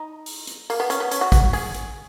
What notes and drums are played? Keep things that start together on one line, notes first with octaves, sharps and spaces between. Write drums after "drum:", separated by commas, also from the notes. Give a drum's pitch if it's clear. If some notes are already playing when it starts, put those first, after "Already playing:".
Already playing: D#4
drum: open hi-hat
drum: hi-hat
A#3, drum: open hi-hat
B3
C#4, drum: hi-hat
B3
C#4, drum: hi-hat
F#4
F#4, drum: kick, hi-hat
G#4, drum: open hi-hat
drum: hi-hat